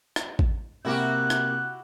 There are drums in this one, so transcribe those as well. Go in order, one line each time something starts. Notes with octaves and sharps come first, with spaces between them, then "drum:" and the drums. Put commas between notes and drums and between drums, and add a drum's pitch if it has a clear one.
drum: rim click
drum: kick A1
C3 A#3 E4 F#4 G4 F#6
drum: rim click